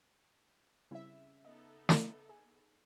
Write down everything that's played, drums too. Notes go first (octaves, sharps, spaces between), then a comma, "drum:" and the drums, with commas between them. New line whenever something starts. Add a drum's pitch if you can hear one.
C#3 G3 C4 E4 E5
B3 D#4 A4 D#5
drum: snare
G#4 G#5